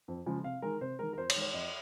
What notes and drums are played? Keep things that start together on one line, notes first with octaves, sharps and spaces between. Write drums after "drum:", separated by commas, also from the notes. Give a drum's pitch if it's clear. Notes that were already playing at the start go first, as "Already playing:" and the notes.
F2
C#3 F3 G#3
C3 F5
D#3 G#3 A#4
C3 C5
D#3 G#3 A#4
A#4
F2 C5
C#5, drum: cymbal
D#3 G#3
C#5
F2 D#5